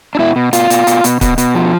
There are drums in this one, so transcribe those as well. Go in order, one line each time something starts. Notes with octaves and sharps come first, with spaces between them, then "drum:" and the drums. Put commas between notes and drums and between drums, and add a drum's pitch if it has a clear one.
D4
B2 E4
B2
B2 F4, drum: hi-hat
B2, drum: hi-hat
B2, drum: hi-hat
B2, drum: hi-hat
B2, drum: kick C#1, hi-hat
B2, drum: hi-hat
F3